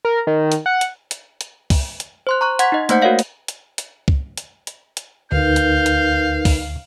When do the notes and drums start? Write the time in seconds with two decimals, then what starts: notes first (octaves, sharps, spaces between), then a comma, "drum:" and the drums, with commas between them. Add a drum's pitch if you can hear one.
0.05 A#4
0.27 D#3
0.52 drum: hi-hat
0.66 F#5
0.81 drum: hi-hat
1.11 drum: hi-hat
1.41 drum: hi-hat
1.70 drum: kick C#2, open hi-hat
2.00 drum: hi-hat
2.27 C5 C6 F#6
2.41 A#5 C#6 F#6
2.59 F#5 C6 G#6 B6, drum: hi-hat
2.72 D#4 D#5
2.89 A3 A#3 C5 F#5 G6 C#7, drum: hi-hat
3.01 F#4 A#4 C#5 D5 F5 F#5
3.19 drum: hi-hat
3.48 drum: hi-hat
3.78 drum: hi-hat
4.08 drum: kick C#2
4.37 drum: hi-hat
4.67 drum: hi-hat
4.97 drum: hi-hat
5.32 D2 D#4 A#4 B4 F5 G6
5.56 drum: hi-hat
5.86 drum: hi-hat
6.45 drum: kick C#2, open hi-hat